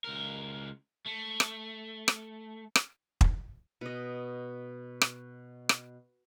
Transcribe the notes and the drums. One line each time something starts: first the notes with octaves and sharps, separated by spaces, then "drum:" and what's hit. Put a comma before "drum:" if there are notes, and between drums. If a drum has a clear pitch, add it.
C#2 A#4
A3
drum: rim click
drum: rim click
drum: rim click
drum: kick
B2 D#5
drum: rim click
drum: rim click